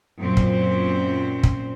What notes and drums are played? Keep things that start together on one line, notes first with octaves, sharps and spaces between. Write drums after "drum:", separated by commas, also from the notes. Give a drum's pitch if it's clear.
F#2 A#2 C4
drum: kick
drum: kick